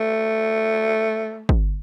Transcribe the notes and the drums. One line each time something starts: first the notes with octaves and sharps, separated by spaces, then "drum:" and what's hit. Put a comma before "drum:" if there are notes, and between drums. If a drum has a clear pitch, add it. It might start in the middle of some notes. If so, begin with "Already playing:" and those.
Already playing: A3
drum: kick